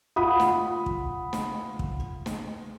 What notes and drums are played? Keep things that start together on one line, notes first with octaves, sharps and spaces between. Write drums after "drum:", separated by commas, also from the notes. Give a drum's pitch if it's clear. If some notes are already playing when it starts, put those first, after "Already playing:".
F4 F#5 B5 D#6
drum: snare
drum: kick
drum: snare
drum: kick
drum: snare